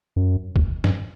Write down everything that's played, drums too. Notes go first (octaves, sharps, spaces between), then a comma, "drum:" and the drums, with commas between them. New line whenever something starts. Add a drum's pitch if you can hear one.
F#2
drum: kick
G2, drum: snare